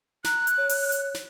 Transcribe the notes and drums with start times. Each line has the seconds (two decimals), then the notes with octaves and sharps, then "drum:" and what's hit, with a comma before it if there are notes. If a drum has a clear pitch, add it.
0.24 A#5 F#6, drum: snare
0.47 drum: hi-hat
0.57 C#5
0.69 drum: open hi-hat
0.92 drum: hi-hat
1.14 drum: snare